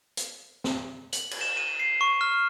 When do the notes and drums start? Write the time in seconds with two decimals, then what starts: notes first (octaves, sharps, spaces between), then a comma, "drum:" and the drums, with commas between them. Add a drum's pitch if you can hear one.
0.17 drum: hi-hat
0.64 drum: snare
1.13 F#7, drum: hi-hat
1.31 drum: cymbal
1.41 E7
1.57 D#7
1.79 C7
2.01 C#6
2.21 F6